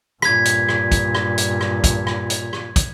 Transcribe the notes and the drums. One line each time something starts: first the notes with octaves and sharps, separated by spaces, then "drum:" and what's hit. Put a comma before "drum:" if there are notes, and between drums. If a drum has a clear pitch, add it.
G2 A#2 G#6 B6, drum: rim click
drum: hi-hat
drum: rim click
drum: kick, hi-hat
drum: rim click
drum: hi-hat
drum: rim click
drum: kick, hi-hat
drum: rim click
drum: hi-hat
drum: rim click
drum: kick, hi-hat